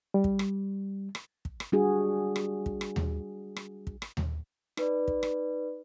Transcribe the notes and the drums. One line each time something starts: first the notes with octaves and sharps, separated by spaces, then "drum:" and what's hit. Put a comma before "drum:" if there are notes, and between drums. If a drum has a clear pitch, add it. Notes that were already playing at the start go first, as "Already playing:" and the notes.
G3
drum: kick
drum: rim click
drum: rim click
drum: kick
drum: rim click
G3 D4 F#4 G#4
drum: rim click
drum: kick
drum: rim click
drum: tom D#2
drum: rim click
drum: kick
drum: rim click
drum: tom D#2
D#4 B4 D5, drum: rim click
drum: kick
drum: rim click